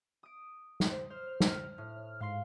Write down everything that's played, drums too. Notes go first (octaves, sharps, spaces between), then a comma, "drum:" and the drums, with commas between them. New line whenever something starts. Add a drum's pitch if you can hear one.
D#6 D7
drum: snare
C5
C5 F6
drum: snare
A2
G#2 F5 C6 C7